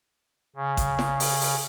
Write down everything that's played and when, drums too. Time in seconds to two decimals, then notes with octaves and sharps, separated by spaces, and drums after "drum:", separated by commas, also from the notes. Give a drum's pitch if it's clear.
0.56 C#3
0.77 drum: kick A1, hi-hat
0.99 drum: snare
1.20 drum: open hi-hat
1.41 drum: open hi-hat